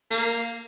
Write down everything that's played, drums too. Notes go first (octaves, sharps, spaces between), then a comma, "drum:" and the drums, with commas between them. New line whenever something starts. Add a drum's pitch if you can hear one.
A#3, drum: tambourine